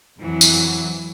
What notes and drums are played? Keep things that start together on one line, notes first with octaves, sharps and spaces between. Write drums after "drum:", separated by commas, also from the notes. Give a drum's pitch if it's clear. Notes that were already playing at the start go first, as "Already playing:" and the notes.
F2 E3 F#3
drum: tambourine